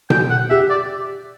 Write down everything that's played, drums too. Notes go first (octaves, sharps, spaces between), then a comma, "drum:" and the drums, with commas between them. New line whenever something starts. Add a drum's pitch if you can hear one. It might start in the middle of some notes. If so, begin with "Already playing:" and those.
G5, drum: tom B2
F#5
G4 E5
D5